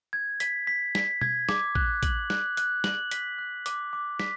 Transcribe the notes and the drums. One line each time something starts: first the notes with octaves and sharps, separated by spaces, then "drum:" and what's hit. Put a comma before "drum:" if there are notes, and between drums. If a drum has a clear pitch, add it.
G#6
B6, drum: hi-hat
B6
B6, drum: snare
G#6, drum: tom B2
D6, drum: snare
F#6, drum: kick
F#7, drum: kick, hi-hat
F#6, drum: snare
F#6, drum: hi-hat
F#7, drum: snare
B6, drum: hi-hat
F#6
D6, drum: hi-hat
D6
B6, drum: snare